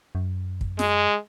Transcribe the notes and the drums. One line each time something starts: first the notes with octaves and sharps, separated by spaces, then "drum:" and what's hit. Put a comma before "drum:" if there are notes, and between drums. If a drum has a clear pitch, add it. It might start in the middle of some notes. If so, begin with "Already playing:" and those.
F#2
drum: kick
G#3, drum: snare